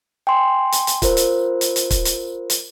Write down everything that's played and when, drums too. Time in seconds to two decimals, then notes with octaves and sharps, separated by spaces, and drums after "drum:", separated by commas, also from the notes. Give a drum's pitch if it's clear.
0.27 G5 G#5 C6
0.72 drum: hi-hat
0.87 drum: hi-hat
1.02 F4 A#4 C5, drum: kick, hi-hat
1.17 drum: hi-hat
1.61 drum: hi-hat
1.76 drum: hi-hat
1.91 drum: kick, hi-hat
2.05 drum: hi-hat
2.50 drum: hi-hat